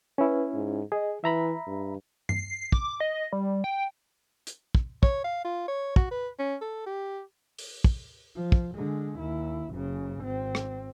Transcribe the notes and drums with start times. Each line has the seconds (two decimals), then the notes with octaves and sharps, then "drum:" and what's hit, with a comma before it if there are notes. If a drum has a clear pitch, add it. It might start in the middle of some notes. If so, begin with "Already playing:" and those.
0.18 C#4 E4 B4
0.54 G#2
0.92 G#4 D#5
1.24 E3 E5 A#5 B5
1.67 G2
2.29 C7, drum: tom G2
2.72 D6, drum: kick
3.00 D#5
3.33 G3
3.64 G5
4.47 drum: hi-hat
4.75 drum: kick
5.03 C#5, drum: kick
5.24 F5
5.44 F4
5.68 C#5
5.96 F#4, drum: kick
6.11 B4
6.39 C#4
6.61 A4
6.86 G4
7.58 drum: open hi-hat
7.84 drum: kick
8.36 F3
8.52 drum: kick
8.75 D3 G#3
9.19 D#2 E4
9.71 F#1 C#3
10.20 G#1 C4
10.55 drum: rim click